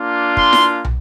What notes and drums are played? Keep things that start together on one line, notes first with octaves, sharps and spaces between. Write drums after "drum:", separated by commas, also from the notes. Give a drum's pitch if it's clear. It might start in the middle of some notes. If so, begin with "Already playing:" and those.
Already playing: A#3 D4 F4
C6, drum: kick
drum: snare E4
drum: tom